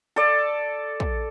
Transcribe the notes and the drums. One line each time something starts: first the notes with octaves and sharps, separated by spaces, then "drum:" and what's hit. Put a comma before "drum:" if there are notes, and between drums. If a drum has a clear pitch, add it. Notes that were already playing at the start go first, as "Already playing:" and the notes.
A4 D5
drum: kick